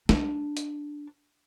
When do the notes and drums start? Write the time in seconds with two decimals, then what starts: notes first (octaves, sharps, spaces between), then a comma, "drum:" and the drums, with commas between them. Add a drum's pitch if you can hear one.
0.09 D4, drum: snare
0.57 drum: hi-hat